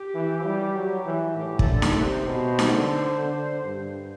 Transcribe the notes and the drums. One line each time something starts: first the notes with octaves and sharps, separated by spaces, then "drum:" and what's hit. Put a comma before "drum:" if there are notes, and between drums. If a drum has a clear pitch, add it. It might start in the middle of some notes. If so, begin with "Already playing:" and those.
Already playing: G4
E3
G3
F#3
E3
A2 G4
A4, drum: kick
D3
B4, drum: snare D#4
C3
C5
B2
drum: snare D#4
D3
D3
G2